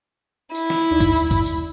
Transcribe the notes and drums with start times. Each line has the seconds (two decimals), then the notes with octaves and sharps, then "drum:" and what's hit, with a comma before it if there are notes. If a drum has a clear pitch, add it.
0.55 E4, drum: tambourine
0.70 drum: snare
0.91 D#2 D#4 D5
1.00 drum: kick, tambourine
1.16 drum: tambourine
1.31 drum: kick, tambourine
1.46 drum: tambourine